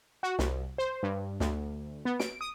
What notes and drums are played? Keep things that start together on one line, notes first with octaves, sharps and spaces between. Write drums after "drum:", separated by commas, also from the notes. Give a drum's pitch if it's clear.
F#4
C2, drum: snare
C5
G2
D2, drum: snare
B3
D7, drum: snare
D#6